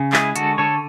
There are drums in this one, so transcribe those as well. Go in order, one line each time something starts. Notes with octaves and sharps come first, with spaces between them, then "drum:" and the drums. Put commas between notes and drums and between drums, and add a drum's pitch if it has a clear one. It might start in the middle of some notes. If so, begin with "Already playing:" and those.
Already playing: C#3
G#3 E4 G#4, drum: clap
D3 F#4 A4, drum: hi-hat
D3 A4 C#5